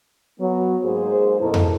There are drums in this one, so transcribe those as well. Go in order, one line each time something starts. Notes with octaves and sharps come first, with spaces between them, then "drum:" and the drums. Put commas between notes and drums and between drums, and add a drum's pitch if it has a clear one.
F#3 B3
G#2 A#3 G#4 C5
F#2 B2 E4 A4 A#4 C5
drum: tom F2